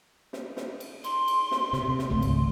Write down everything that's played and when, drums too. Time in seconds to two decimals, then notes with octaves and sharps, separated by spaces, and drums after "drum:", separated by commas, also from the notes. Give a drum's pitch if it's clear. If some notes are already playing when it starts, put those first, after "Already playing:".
0.33 drum: snare
0.57 drum: snare
0.80 drum: cymbal
1.04 C6, drum: cymbal
1.28 drum: cymbal
1.51 drum: snare
1.73 C3, drum: snare
1.99 drum: snare
2.10 G#1 C#2 A3 C6
2.22 drum: cymbal